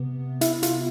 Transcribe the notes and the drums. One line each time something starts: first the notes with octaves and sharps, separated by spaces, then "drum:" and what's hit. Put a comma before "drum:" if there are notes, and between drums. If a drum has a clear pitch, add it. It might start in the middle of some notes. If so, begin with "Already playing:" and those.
Already playing: C3 B3
E4, drum: hi-hat
F4, drum: hi-hat